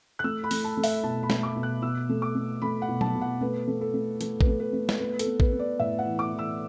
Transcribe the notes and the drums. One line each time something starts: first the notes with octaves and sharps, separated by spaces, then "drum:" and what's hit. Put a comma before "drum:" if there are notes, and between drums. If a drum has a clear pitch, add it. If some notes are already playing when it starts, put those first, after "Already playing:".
F#6
A3 E6
B5
A3, drum: open hi-hat
A5
A3
E5, drum: open hi-hat
B2 A5
B5
A3, drum: snare
D6
B2
F#6
B2 E6
A3
D6
A3
A3 B5
F#5
B2
A5, drum: tom F#3
B2
F#5
A3 B4
A3
A4
A3
A3 A4, drum: hi-hat
B4, drum: kick A1
A3
B4
A3
drum: snare
B3 B4
A4, drum: hi-hat
B3
B4, drum: kick A1
B3
D5
A2 E5
F#5
E3
D6
E3
E6